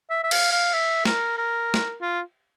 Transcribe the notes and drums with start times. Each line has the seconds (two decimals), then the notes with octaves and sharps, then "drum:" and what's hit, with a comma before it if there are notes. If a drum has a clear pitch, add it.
0.10 E5
0.24 E5
0.31 F5, drum: cymbal
0.52 F5
0.73 E5
1.05 A#4, drum: snare
1.38 A#4
1.74 drum: snare
2.01 F4